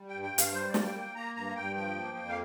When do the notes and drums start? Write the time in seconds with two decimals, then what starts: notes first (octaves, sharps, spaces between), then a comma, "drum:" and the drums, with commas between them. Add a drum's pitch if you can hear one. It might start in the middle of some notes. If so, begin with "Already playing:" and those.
Already playing: G3
0.08 G2 G5
0.23 G5
0.33 G2
0.38 F5, drum: hi-hat
0.53 G3 C5
0.69 D5
0.74 A#3, drum: snare
0.85 G5
0.95 A#3 G5
1.15 A#3 A#5
1.35 G2 A#5
1.56 G2 G5
1.76 F3 G5
1.96 A#3
2.17 F2
2.29 F5